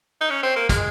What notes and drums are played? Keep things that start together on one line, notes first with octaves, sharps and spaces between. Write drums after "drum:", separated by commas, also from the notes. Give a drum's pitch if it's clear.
D#4
C#4
C4
A#3
G#3, drum: kick, hi-hat